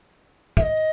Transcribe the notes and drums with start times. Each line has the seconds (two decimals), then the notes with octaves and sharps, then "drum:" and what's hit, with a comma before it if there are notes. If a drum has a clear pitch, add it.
0.57 E5, drum: kick
0.62 D#5